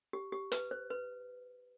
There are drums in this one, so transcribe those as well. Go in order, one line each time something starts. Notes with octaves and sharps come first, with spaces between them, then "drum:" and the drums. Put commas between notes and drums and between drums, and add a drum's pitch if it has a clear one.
G4
G4
B4, drum: hi-hat
C5
B4